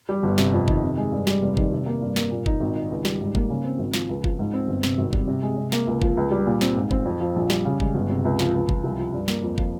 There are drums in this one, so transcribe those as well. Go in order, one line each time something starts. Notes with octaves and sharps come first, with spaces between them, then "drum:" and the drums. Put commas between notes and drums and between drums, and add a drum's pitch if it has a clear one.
G3
G1
C3, drum: snare
F2
D#3, drum: kick
C3
G#3
G2
G3, drum: snare
F1
D#3, drum: kick
C3
A#3
G2
A#3, drum: snare
A#2
D#4, drum: kick
G#1
D#3
C#2
G3, drum: snare
G#2
A#3, drum: kick
C#3
C4
G#1
F3, drum: snare
C#2
F3, drum: kick
G#2
C4
G1
C3, drum: snare
G#1
G3, drum: kick
C3
G#3
C3
A#3, drum: snare
C#2
F3, drum: kick
C#2
G3
A#2
C4, drum: snare
G#2
C4, drum: kick
F2
F3
A#1
G3, drum: snare
C#3
G#3, drum: kick
G1
C3
C#2
F3, drum: snare
C#2
F3, drum: kick
C2
F3
G2
A#3, drum: snare
F2
F3, drum: kick